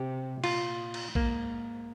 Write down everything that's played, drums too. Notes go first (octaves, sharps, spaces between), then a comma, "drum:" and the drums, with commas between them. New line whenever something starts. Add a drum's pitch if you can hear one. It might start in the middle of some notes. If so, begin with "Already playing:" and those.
Already playing: C3 G4
A#2 F4, drum: cymbal
drum: cymbal
G#2 A#3, drum: kick A#1